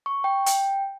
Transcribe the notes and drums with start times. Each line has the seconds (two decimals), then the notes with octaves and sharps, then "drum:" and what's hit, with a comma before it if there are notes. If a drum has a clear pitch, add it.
0.06 C#6
0.24 G5
0.46 G5, drum: hi-hat